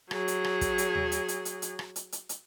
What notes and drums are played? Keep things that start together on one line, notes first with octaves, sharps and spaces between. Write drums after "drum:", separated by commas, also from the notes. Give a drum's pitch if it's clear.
F#3 G#4, drum: rim click
drum: hi-hat
drum: rim click
drum: kick, hi-hat
drum: hi-hat
drum: tom D#2
drum: hi-hat
drum: hi-hat
drum: hi-hat
drum: hi-hat
drum: rim click
drum: hi-hat
drum: hi-hat
drum: hi-hat